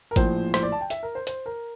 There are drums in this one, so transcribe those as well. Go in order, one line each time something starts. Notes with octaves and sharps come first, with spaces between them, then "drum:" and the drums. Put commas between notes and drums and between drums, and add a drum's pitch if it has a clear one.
A#4
A#1 A2 F3 C5, drum: kick G#1, hi-hat
C5, drum: rim click
D5
A5
G5
E5, drum: hi-hat
A#4
C5
C5, drum: hi-hat
A#4